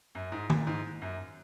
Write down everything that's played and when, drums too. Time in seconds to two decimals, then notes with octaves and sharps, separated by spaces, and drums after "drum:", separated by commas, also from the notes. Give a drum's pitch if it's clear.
0.15 F#2
0.32 G#2
0.50 A#2, drum: tom D#3
0.67 G#2
1.02 F#2